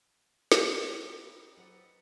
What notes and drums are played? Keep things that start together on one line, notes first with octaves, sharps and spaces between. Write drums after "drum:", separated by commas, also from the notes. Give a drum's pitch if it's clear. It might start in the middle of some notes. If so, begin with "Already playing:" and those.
drum: snare
B3
D#4 G4 D#5 B5 E6
F#3 B4 C5 F#5 A6